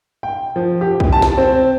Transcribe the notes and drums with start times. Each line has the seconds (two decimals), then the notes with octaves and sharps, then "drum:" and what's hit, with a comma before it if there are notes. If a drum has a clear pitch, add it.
0.23 G5
0.56 F3
0.81 G4
1.00 drum: kick B1
1.13 A5
1.22 drum: snare
1.37 C4